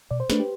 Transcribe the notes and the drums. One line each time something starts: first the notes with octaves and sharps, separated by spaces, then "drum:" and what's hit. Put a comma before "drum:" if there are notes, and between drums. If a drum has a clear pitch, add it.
B2 D5
C5
A3 D4 B4, drum: snare
G4